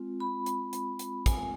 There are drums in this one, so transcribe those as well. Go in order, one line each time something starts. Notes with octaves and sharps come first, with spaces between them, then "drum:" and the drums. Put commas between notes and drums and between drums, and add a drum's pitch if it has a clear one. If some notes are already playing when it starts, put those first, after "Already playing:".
Already playing: G#3 C4 F4
B5
drum: hi-hat
drum: hi-hat
drum: hi-hat
G#5, drum: kick, hi-hat